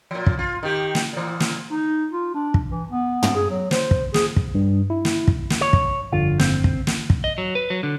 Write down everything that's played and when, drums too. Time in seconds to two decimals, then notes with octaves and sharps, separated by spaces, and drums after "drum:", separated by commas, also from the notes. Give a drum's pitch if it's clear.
0.11 A#2 F3
0.26 drum: kick
0.39 F4
0.63 D#3 G4
0.95 drum: snare
1.13 A#2 E3
1.40 drum: snare
1.71 D#4
2.12 F4
2.34 D4
2.54 drum: kick
2.70 E3
2.92 B3
3.23 drum: tom
3.36 G#4
3.50 F#3
3.71 C5, drum: snare
3.91 drum: kick
4.14 G#4, drum: snare
4.36 drum: kick
4.55 G2
4.90 E4
5.05 drum: snare
5.28 drum: kick
5.50 drum: snare
5.61 C#5
5.73 drum: kick
6.12 G1 F2 D3 F4
6.39 C4, drum: snare
6.64 drum: kick
6.87 drum: snare
7.10 drum: kick
7.24 D#5
7.38 F#3
7.55 B4
7.70 F#3
7.83 D3